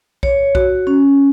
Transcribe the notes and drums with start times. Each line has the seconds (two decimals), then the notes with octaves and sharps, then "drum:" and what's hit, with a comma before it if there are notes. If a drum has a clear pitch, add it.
0.23 C#5, drum: kick B1
0.55 F#4, drum: kick B1
0.87 C#4